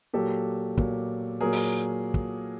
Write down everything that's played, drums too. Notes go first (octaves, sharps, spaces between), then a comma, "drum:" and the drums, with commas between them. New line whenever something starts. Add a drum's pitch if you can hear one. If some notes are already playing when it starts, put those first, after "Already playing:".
A#2 F#3 G4 A4
A#2 F#3, drum: kick
A#2 F#3 G#4 A#4
drum: open hi-hat
drum: kick